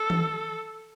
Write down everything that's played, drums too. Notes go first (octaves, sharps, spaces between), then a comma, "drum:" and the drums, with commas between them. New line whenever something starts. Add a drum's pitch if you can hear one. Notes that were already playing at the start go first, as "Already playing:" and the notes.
Already playing: A4
drum: tom E3